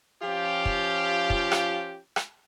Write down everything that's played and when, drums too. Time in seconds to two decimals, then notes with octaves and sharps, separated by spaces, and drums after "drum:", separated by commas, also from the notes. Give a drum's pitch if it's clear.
0.22 F3 C#4 F4 G4
0.65 drum: kick
1.30 drum: kick
1.52 drum: rim click
2.16 drum: rim click